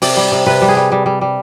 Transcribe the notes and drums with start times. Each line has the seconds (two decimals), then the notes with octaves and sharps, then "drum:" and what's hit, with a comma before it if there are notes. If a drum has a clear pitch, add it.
0.02 C3 D5, drum: open hi-hat
0.17 G3
0.32 C3
0.46 C3 B4
0.62 G3
0.68 G#4
0.77 G3
0.92 G3
1.06 G3
1.21 G3